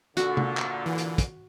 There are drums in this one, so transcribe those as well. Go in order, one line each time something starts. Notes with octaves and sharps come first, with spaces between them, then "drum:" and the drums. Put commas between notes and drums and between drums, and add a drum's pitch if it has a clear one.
A#2 D3 F#4, drum: hi-hat
drum: tom C3
drum: clap
E3
drum: hi-hat
drum: kick, hi-hat